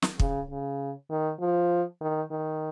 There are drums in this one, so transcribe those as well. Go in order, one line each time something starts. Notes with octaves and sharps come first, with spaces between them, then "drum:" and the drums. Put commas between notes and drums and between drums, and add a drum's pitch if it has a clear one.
drum: snare
C#3, drum: kick
C#3
D#3
F3
D#3
D#3